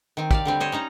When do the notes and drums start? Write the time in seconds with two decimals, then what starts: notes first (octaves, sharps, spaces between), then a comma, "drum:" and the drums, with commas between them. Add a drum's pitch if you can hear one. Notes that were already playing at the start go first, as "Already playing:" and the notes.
0.17 D#3 C4
0.31 G4 D5 F5, drum: kick
0.45 D3 G3 C4
0.60 C5 C#5 D#5
0.72 C#4 D#4 A#5